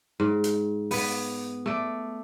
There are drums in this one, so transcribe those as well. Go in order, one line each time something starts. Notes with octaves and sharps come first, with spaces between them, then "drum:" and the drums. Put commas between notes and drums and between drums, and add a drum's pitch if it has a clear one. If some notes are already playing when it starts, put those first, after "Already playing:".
G#2
drum: hi-hat
B3 B4, drum: open hi-hat
A3 D5